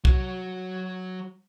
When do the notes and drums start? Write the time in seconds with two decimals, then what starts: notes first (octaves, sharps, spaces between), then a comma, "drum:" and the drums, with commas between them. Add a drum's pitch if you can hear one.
0.05 F#3 F#4, drum: kick